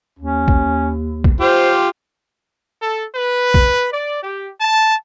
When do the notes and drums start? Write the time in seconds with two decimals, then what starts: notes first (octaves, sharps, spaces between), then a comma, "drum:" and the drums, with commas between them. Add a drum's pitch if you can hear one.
0.19 D#2 C#4
0.48 drum: kick
1.24 drum: kick
1.41 F4 G4 C5
2.81 A4
3.15 B4
3.54 drum: kick
3.93 D5
4.23 G4
4.61 A5